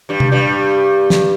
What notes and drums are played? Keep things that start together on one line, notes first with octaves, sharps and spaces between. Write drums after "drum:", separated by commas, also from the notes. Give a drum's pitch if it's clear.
G2 G3
drum: tom C3
G2 G3
drum: snare